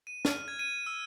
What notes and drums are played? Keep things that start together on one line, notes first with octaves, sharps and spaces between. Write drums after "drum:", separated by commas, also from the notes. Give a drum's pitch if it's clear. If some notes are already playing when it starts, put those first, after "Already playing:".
D#7
F6, drum: snare
G#6
D#7
E6